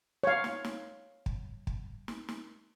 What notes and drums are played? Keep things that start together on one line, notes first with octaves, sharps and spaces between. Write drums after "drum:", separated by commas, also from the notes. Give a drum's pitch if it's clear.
C#5 F5
drum: snare
drum: snare
drum: kick
drum: kick
drum: snare
drum: snare